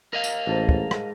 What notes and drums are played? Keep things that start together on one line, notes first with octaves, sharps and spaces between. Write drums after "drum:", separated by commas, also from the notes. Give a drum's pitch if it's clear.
A#4 D#5 F5
drum: tambourine
A1 G#2 A5 A#5
drum: kick
drum: rim click